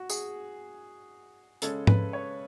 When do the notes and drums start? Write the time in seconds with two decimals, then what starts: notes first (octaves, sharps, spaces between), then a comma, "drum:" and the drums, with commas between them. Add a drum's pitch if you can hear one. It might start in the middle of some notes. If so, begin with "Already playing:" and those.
Already playing: F#4
0.10 G#4, drum: tambourine
1.62 C#3 G#3 C#4 A4, drum: hi-hat
1.87 B4, drum: tom G#2
2.13 C#5